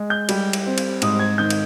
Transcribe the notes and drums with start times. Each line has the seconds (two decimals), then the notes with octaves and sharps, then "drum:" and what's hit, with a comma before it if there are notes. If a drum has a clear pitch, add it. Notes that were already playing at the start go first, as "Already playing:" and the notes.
Already playing: G#3
0.10 G6
0.29 G3, drum: cymbal
0.53 drum: cymbal
0.66 C4
0.78 drum: cymbal
1.02 G#2 D#6, drum: cymbal
1.20 G#6
1.38 D#3 G6
1.50 drum: cymbal